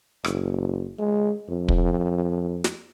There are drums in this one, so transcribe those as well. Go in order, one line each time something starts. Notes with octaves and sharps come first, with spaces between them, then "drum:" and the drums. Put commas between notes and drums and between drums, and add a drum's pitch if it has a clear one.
F#1, drum: rim click
G#3
F2
drum: kick
drum: snare